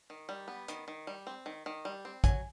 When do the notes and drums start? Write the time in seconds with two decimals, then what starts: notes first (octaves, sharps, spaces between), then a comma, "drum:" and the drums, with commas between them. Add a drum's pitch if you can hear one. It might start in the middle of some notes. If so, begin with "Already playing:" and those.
0.10 D#3
0.29 G3
0.48 B3
0.68 D#3, drum: hi-hat
0.88 D#3
1.07 G3
1.27 C4
1.46 D#3
1.66 D#3
1.85 G3
2.05 C4
2.24 F#3 G#5, drum: kick, hi-hat